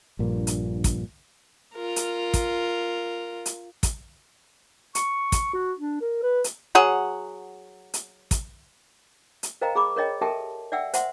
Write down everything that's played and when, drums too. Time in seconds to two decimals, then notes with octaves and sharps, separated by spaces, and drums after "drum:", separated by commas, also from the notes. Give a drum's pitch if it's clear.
0.19 A#1 G2 A#2
0.47 drum: hi-hat
0.84 drum: kick, hi-hat
1.74 F4 A#4
1.96 drum: hi-hat
2.34 drum: kick, hi-hat
3.46 drum: hi-hat
3.83 drum: kick, hi-hat
4.95 C#6, drum: hi-hat
5.32 drum: kick, hi-hat
5.54 F#4
5.79 D4
6.01 A#4
6.23 B4
6.44 drum: hi-hat
6.75 F#3 G#4 F#5
7.94 drum: hi-hat
8.31 drum: kick, hi-hat
9.43 drum: hi-hat
9.61 A#4 C5 D#5 F5 G5 A#5
9.75 G#4 B5 D6
9.96 A#4 C#5 D#5 G5
10.21 G4 A4 A#4 E5 G5 A5
10.72 D5 E5 F#5 G5 E6
10.94 C5 E5 F#5 C6, drum: hi-hat